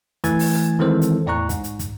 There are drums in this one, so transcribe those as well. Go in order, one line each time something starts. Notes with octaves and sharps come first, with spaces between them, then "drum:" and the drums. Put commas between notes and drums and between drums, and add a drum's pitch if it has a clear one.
E3 A3 G#5 G#6 A6, drum: kick, hi-hat
drum: open hi-hat
drum: rim click
D#3 E3 G#3 C4 A4 C5
drum: hi-hat
E2 A2 D5 A#5 C#6 F#6
G#2, drum: kick, hi-hat
drum: hi-hat
drum: kick, hi-hat